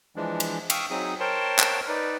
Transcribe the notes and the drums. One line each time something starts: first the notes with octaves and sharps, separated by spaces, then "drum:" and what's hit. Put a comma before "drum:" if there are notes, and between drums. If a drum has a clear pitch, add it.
E3 F3 G#3 D4
drum: cymbal
F5 G5 C#6 D#6 E6, drum: cymbal
F#3 C4 D#4 G#4 D#6
A#4 C5 C#5 G5 A5 C6
drum: clap
D#4 B4 D5